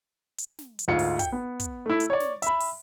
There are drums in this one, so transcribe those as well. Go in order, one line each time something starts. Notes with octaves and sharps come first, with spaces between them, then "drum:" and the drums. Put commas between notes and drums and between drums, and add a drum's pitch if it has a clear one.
drum: hi-hat
drum: snare
drum: hi-hat
D2 G#2 F4 C#7
drum: open hi-hat
G5, drum: kick, hi-hat
B3
drum: kick, hi-hat
A3 E4
drum: hi-hat
C#5 D5
drum: snare
E5 B5, drum: hi-hat
drum: open hi-hat